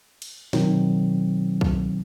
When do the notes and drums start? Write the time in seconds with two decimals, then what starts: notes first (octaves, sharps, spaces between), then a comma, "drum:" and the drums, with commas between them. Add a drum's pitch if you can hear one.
0.22 drum: cymbal
0.53 B2 D#3 F#3 C4, drum: snare
1.61 drum: kick C2